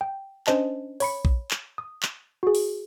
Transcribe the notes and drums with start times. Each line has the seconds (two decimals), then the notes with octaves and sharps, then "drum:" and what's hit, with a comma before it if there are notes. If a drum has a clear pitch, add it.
0.01 G5
0.47 C#4 D4 C5 D#5 A5, drum: clap
1.00 C#5 B5 C#7, drum: open hi-hat
1.25 drum: kick A#1
1.51 drum: clap
1.78 D#6
2.03 drum: clap
2.43 F#4 G#4
2.55 drum: open hi-hat